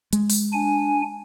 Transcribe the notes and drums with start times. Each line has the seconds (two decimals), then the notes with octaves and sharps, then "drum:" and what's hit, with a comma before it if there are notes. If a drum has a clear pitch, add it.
0.13 G#3, drum: hi-hat
0.30 drum: open hi-hat
0.53 D4 G#5